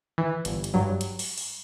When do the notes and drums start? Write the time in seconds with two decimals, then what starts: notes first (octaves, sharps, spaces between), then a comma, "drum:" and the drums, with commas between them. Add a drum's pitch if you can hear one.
0.18 E3
0.45 G1, drum: hi-hat
0.64 drum: hi-hat
0.74 G2 F#3
1.01 drum: hi-hat
1.19 drum: open hi-hat
1.38 drum: open hi-hat